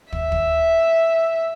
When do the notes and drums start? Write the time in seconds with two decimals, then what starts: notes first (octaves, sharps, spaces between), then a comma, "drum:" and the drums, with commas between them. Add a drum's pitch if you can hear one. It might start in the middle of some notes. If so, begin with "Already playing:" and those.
0.12 E5, drum: kick
0.32 drum: kick